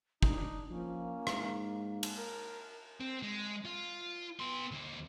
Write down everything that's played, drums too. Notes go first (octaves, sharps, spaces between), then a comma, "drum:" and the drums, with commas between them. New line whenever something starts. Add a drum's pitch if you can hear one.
D4 D#4, drum: kick
F3 A#3 C#4
G#2, drum: rim click
drum: cymbal
A#4
C4
G#3
F4 F5
B3 C6
D2 A#3